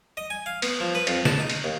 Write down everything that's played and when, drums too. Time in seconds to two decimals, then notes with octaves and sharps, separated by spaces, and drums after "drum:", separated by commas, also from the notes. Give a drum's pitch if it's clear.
0.17 D#5
0.30 G#5
0.46 F5
0.62 B3, drum: cymbal
0.80 F3
0.95 B4
1.07 F2, drum: cymbal
1.25 A5, drum: snare
1.40 D#4
1.50 drum: cymbal
1.64 D#2